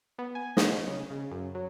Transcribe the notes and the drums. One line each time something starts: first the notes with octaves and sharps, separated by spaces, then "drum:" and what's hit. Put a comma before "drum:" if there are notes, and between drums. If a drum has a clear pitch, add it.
B3
G#5
D#5, drum: snare
C#3
C#3
F#2
F#3